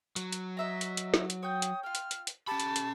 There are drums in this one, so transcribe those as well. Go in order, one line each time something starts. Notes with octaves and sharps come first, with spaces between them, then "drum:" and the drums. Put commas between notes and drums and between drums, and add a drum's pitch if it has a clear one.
F#3, drum: hi-hat
drum: hi-hat
D#5 E5 A#5
drum: hi-hat
drum: hi-hat
drum: snare
drum: hi-hat
C#5 G5 D#6 G6
drum: hi-hat
F4 G5 F6
drum: hi-hat
drum: hi-hat
drum: hi-hat
C#4 G4 A5 B5
drum: hi-hat
drum: hi-hat